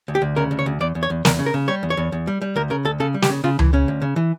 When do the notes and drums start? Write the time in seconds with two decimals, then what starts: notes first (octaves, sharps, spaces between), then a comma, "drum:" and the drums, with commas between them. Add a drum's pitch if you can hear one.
0.08 D2
0.15 G4
0.22 D2
0.36 C#3 A#4
0.51 D2
0.59 C#5
0.66 D2
0.81 E2 D5
0.95 E2
1.03 C#5
1.10 E2
1.25 E2 A#4, drum: snare
1.39 C#3
1.46 A#4
1.54 C#3
1.68 G3 C#5
1.83 E2
1.90 C#5
1.97 E2
2.12 E2
2.27 G3
2.42 G3
2.56 D2 A#4
2.70 C#3 A#4
2.85 D2 A4
3.00 C#3 A4
3.14 G3
3.22 G4, drum: snare
3.30 C#3
3.44 C#3 F4
3.59 E3, drum: tom C#2
3.73 C#3 C#4
3.88 D2
4.02 C#3
4.16 E3